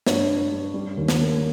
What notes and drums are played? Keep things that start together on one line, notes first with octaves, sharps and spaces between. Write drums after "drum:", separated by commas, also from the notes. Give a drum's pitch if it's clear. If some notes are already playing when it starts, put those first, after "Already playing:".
G2 C#5, drum: snare
G2
G3
G3
D#2
drum: snare
A#3